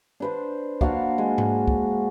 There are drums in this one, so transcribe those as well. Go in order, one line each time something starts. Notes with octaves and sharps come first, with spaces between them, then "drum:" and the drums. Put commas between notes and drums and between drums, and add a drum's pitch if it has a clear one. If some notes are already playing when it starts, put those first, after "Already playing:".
D4 B4 C5
A#3 D4 F#4 F5, drum: kick
G#3
drum: tom G#2
drum: kick